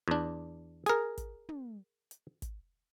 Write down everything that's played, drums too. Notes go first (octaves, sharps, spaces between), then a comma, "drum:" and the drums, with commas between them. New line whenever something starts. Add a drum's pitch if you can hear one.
E2 D4
G#4 A#4, drum: hi-hat
drum: kick, hi-hat
drum: tom
drum: hi-hat
drum: kick, hi-hat